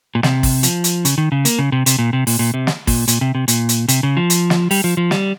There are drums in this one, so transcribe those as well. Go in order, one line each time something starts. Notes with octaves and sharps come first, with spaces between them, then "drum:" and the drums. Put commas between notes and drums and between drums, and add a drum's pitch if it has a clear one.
A#2
C3, drum: snare
drum: kick, open hi-hat
F3, drum: hi-hat
drum: hi-hat
C#3, drum: hi-hat
D#3
C#3
A#3, drum: hi-hat
C#3
C3
C3, drum: hi-hat
A#2
C3
A#2, drum: open hi-hat
A#2
C3
drum: snare
A#2, drum: kick, open hi-hat
A#2, drum: hi-hat
C3
C3
A#2, drum: hi-hat
drum: hi-hat
C3, drum: hi-hat
C#3
F3
drum: hi-hat
drum: snare
G3, drum: open hi-hat
F3
F3
G3, drum: snare